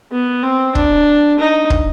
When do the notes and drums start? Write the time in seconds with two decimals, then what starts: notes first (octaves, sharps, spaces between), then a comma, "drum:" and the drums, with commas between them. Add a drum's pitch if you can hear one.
0.12 B3
0.43 C4
0.75 D4, drum: kick
1.39 D#4
1.70 drum: kick